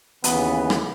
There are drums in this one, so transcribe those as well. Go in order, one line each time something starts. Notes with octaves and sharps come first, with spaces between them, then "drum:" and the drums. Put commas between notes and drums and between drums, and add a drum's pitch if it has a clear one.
D#2 C#3 E3 B3, drum: hi-hat
drum: rim click